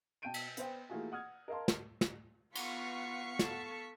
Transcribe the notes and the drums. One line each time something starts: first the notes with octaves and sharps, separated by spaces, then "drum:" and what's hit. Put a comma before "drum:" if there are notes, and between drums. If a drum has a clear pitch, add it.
B2 G5 A5 G6 D7 D#7
drum: cymbal
B3 C5 G5, drum: hi-hat
E3 A3 A#3 F4 F#4 G#4
F#5 D#6 F6 G#6
A#4 D#5 F5 A5 C6
drum: snare
drum: snare
B3 F4 B4 F5 F#5 C#6 B6 C#7, drum: cymbal
A4 A5, drum: snare